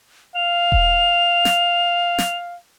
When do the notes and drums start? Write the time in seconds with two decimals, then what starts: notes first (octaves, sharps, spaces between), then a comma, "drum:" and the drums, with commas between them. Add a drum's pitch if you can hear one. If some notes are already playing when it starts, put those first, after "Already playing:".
0.35 F5 F7
0.72 drum: kick E1
1.45 drum: snare
2.18 drum: snare